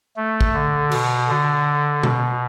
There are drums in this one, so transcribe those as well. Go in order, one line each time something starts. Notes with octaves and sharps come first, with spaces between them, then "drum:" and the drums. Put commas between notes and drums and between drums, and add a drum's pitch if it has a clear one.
A3
drum: kick
D3
B2, drum: cymbal
D3
B2, drum: tom B2